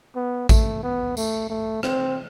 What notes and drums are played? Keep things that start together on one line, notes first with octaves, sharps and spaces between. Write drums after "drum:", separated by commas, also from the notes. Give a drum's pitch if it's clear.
B3
A3, drum: kick A1, tambourine
B3
A3, drum: tambourine
A3
C4, drum: rim click